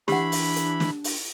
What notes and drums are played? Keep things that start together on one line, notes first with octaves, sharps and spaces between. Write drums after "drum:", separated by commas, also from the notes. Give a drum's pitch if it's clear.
E3 D4 G4 F#5 B5, drum: snare
drum: open hi-hat
drum: hi-hat
drum: snare
drum: open hi-hat